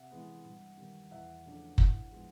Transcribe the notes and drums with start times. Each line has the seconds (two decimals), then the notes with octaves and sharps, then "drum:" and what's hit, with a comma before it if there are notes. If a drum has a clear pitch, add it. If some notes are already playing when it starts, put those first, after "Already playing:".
Already playing: C3 E5 F#5
0.11 E3 G#3 B3
0.45 G2
0.78 D#3 G3
1.11 E2 E5 F#5
1.45 C#3 F3 A3 D4
1.78 A2, drum: kick
2.11 F3 G#3 B3